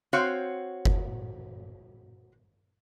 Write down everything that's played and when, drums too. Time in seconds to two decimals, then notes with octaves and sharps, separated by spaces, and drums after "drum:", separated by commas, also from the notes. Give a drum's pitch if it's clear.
0.13 C4 F#4 C#5 F5
0.85 drum: kick F#1